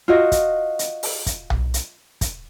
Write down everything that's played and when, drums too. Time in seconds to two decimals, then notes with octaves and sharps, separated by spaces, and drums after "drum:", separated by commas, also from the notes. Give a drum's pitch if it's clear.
0.08 F4 F#4 D#5
0.32 drum: kick, hi-hat
0.79 drum: hi-hat
1.03 drum: open hi-hat
1.26 drum: kick, hi-hat
1.50 drum: tom B1
1.74 drum: hi-hat
2.21 drum: kick, hi-hat